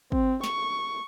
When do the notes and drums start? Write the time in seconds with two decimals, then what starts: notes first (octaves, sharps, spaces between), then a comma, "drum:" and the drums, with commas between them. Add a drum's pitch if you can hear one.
0.12 C4, drum: kick
0.44 C#6, drum: snare